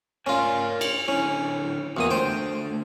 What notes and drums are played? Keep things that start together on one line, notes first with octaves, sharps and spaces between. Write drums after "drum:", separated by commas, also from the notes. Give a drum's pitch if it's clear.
C#4 F4 A#4 D5 G#5
drum: cymbal
D3 C#4 E4
E2 A#2 F#4 C#5 D#6
D3 A3 C5 G5